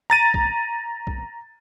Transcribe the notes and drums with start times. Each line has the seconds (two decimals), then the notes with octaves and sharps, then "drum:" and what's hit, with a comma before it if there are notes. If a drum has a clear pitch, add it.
0.10 A#5 A6 D#7
0.34 drum: kick
1.07 drum: kick